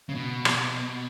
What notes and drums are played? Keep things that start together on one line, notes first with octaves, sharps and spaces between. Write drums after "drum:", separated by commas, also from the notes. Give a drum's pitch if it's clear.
C#3
B2
drum: rim click